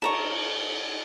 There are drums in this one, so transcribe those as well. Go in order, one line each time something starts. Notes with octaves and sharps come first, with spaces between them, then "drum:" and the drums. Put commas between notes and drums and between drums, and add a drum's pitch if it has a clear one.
A5 A#5 C#6, drum: cymbal